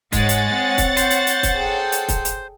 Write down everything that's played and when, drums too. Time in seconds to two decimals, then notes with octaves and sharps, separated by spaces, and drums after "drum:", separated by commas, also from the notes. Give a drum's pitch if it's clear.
0.12 G#2 G#3 C#5 F#5 A6, drum: kick, hi-hat
0.29 drum: hi-hat
0.53 C4
0.78 drum: kick, hi-hat
0.97 C5, drum: hi-hat
1.10 drum: hi-hat
1.27 drum: hi-hat
1.43 drum: kick, hi-hat
1.56 G#4 A4 G5
1.92 drum: hi-hat
2.08 drum: kick, hi-hat
2.25 drum: hi-hat